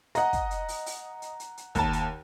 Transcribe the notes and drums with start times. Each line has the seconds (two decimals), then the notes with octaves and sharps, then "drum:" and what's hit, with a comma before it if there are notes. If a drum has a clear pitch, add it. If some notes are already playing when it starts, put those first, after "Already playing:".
0.15 D#5 F#5 A#5, drum: hi-hat
0.33 drum: kick, hi-hat
0.51 drum: hi-hat
0.68 drum: open hi-hat
0.86 drum: open hi-hat
1.22 drum: hi-hat
1.40 drum: hi-hat
1.57 drum: hi-hat
1.75 D#2 A5, drum: kick, hi-hat
1.93 drum: hi-hat